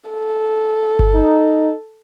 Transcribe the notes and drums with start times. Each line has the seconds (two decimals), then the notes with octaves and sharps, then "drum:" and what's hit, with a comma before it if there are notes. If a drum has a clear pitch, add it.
0.10 A4
0.99 drum: kick G1
1.14 D#4